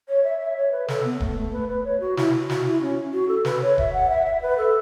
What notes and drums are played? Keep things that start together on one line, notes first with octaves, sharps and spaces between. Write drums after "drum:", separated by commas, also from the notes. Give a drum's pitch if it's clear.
C#5
E5
E5
C#5
B4
A4, drum: snare
B3
A3, drum: kick D#1
A3
B4
B4
C#5
F#4
E4, drum: snare
F#4, drum: snare
E4
C#4
F#4
A4
B4, drum: snare
C#5
E5, drum: kick D#1
F#5
E5
E5
B4
A4